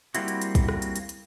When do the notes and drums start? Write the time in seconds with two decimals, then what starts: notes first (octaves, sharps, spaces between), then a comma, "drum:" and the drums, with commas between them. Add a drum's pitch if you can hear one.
0.15 G3 A#3 C4 E4 F#4, drum: hi-hat
0.28 drum: hi-hat
0.42 drum: hi-hat
0.55 drum: kick, hi-hat
0.69 drum: rim click
0.82 drum: hi-hat
0.96 drum: hi-hat
1.09 drum: hi-hat